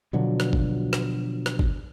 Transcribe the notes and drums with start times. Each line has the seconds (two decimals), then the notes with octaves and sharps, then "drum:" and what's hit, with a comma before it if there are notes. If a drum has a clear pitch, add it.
0.13 B2 D3 F3 F#3
0.40 drum: rim click
0.53 drum: kick G1
0.93 drum: rim click
1.46 drum: rim click
1.59 drum: kick G1